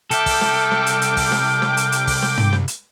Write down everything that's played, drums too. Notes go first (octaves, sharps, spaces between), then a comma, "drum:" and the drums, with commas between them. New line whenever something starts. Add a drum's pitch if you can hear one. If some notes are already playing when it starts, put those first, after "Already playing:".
C2 A4 E5 G5 D6 F6, drum: hi-hat
drum: kick, open hi-hat
drum: snare
drum: snare
drum: hi-hat
drum: hi-hat
drum: kick, open hi-hat
drum: snare
drum: snare
drum: hi-hat
drum: hi-hat
drum: kick, open hi-hat
drum: snare
drum: tom
drum: snare
drum: hi-hat